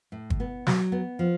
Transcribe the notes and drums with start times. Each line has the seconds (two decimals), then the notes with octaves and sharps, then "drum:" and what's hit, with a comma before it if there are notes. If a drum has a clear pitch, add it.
0.12 A2
0.30 drum: kick G1
0.40 B3
0.67 F#3, drum: snare
0.92 B3
1.19 F3